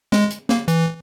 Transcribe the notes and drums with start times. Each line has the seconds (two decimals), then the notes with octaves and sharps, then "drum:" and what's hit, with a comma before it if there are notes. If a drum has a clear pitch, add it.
0.12 G#3, drum: snare
0.30 drum: hi-hat
0.49 A#3, drum: snare
0.68 E3, drum: hi-hat